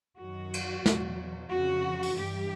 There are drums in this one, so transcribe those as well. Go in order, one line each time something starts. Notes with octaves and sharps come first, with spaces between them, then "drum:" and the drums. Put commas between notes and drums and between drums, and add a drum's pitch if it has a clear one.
F#2 D#3 F#3 F#4
drum: cymbal
E2 B2 F#3, drum: snare
F2 C#3 F3 F#4
drum: open hi-hat
G2 E3 G3 G4